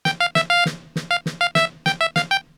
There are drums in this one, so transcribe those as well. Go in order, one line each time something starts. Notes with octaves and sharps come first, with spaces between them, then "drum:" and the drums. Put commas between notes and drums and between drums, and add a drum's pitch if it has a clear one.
G5, drum: snare
F5
E5, drum: snare
F5
drum: snare
drum: snare
F5
drum: snare
F5
E5, drum: snare
G5, drum: snare
E5
F5, drum: snare
G5